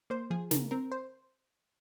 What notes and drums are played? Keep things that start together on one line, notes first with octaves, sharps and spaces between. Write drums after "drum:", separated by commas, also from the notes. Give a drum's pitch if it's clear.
A#3 C5
F3 G#4
C#3 A#4, drum: snare
C4 A#4
C5